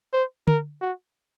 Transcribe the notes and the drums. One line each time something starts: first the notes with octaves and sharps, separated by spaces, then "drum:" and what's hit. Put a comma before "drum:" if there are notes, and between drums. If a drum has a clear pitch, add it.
C5
A#4, drum: tom D3
F#4